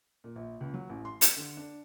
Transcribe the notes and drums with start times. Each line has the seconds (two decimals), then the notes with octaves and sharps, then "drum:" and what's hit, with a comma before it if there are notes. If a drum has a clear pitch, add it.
0.24 A#2
0.36 A#1
0.61 C#2
0.74 F#3
0.90 A1
1.05 C6
1.21 C#7, drum: hi-hat
1.36 D3
1.57 D4